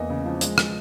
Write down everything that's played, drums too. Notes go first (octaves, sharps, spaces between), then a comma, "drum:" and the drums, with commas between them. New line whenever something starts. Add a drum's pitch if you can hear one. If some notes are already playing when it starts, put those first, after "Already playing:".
Already playing: E2 A#3 D#5
C#3
F3
G#3, drum: hi-hat
drum: rim click